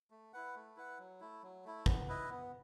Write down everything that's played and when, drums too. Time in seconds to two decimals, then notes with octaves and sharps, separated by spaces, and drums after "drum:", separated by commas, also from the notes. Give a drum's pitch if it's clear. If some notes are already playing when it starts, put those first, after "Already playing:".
0.11 A3
0.33 E4 B4 F#5
0.55 A3
0.77 E4 B4 F#5
0.99 F#3
1.20 A3 E4
1.43 F#3
1.64 A3 E4
1.86 B3, drum: kick
2.08 E4 B4 D#5
2.30 B3